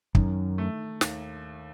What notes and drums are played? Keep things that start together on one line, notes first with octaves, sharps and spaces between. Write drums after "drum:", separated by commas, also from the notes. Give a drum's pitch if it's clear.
F#2 D#3, drum: kick
A3
D#2, drum: snare